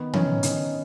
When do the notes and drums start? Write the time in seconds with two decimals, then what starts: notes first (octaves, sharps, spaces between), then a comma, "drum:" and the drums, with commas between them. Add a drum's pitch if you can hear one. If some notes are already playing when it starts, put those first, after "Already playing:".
Already playing: D#3 B3
0.13 D#3 C#4, drum: tom
0.43 D#3 D#4, drum: hi-hat